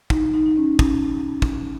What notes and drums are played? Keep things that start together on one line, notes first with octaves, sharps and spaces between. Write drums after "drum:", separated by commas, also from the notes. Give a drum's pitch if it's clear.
D#4, drum: kick
D#4
D#4
C#4
C#4, drum: kick
drum: kick